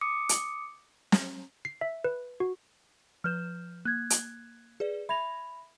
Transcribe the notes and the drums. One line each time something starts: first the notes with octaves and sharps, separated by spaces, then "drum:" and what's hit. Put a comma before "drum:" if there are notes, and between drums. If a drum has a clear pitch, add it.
D6 D#6 C#7
drum: hi-hat
drum: snare
C7
E5
B4
F#4
F3 B4 F6 G6 E7
A#3 F#6 G#6
drum: hi-hat
G#4 B4 D5
E5 B5 G#6 A#6 F7